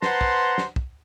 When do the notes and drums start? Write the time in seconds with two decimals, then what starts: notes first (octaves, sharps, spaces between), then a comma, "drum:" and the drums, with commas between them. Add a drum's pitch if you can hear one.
0.02 B4 C5 F#5 A5 A#5 C6, drum: snare
0.21 drum: kick
0.58 drum: snare
0.76 drum: kick